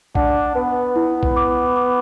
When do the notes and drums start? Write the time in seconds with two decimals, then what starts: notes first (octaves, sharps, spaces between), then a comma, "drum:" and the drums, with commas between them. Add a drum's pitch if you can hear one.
0.15 D4 F#5, drum: kick
0.55 B3 B4
0.96 E4
1.23 drum: kick
1.36 D6
1.76 D6